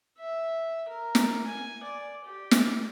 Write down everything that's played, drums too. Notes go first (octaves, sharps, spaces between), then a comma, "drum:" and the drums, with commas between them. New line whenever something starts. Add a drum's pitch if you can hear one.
E5
A#4
drum: snare
G#5
D5
G4
drum: snare